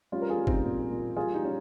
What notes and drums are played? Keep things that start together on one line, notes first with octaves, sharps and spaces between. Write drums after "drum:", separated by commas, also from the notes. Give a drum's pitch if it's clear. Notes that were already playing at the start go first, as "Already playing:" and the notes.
G3 C#4 F4
A#4
F4 G#4
G3
C4 D#4, drum: kick G1
A#2
A#2
G3 F4 G#4
D#4 G4
G3 C#4